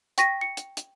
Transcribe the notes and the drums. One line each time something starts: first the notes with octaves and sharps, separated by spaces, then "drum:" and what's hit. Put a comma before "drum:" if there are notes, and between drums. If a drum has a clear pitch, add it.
G5 C#6 A#6 B6 D#7, drum: hi-hat
C#7
drum: hi-hat
drum: hi-hat